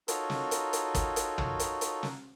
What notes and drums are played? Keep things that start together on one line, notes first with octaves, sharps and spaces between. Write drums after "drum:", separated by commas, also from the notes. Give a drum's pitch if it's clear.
D#4 F4 F#4 A4 A#4 C#5, drum: hi-hat
drum: snare
drum: hi-hat
drum: hi-hat
drum: kick, hi-hat
drum: hi-hat
drum: tom
drum: hi-hat
drum: hi-hat
drum: snare